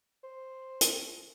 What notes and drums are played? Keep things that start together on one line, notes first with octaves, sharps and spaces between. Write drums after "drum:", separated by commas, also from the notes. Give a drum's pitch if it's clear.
C5
drum: hi-hat